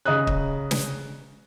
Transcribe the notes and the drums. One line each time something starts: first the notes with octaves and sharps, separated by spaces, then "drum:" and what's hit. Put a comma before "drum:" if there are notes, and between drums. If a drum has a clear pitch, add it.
C#3 D#5 A#5 D#6 F#6
drum: kick
drum: snare